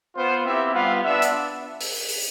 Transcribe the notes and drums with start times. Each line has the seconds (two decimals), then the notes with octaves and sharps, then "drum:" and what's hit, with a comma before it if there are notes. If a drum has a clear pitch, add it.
0.16 B3 F4 C5
0.46 C4 E4 G4 E5
0.74 G3 B3 F4 F5
1.04 B3 D4 E5
1.22 drum: hi-hat
1.81 drum: open hi-hat
2.09 drum: open hi-hat